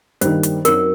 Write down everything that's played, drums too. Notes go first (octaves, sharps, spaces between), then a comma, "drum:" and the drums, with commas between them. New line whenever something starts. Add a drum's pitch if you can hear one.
G2 D#3 G3 A#3 D#4 C5, drum: hi-hat
drum: hi-hat
F#2 F#3 C4 D#4 A#4, drum: hi-hat